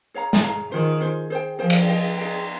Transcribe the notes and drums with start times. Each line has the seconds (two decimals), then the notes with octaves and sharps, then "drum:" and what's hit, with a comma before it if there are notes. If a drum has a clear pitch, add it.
0.14 G#4 C#5 F5 A#5
0.33 drum: snare
0.43 G#4 C#5 F5 A#5
0.72 D#3 F4 G#4 C5
1.00 F4 G#4 C5
1.30 G#4 C5 G5
1.59 F3 G#4 C5 G5
1.70 drum: cymbal
1.88 G#4 D#5 G5
2.17 G#4 D#5 G5